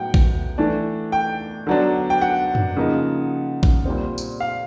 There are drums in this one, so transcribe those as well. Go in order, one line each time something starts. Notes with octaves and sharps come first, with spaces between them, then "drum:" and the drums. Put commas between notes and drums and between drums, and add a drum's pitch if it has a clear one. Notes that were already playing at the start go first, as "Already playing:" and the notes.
Already playing: A2 F#3 B3 F#5 G5
drum: kick A#1
E3 A3 D4
G5
D3 F#3 B3 D4
G5
F#5
drum: tom
C#3 F3 A#3 D#4
drum: kick A#1
A#2 G3 C4
drum: tambourine
F5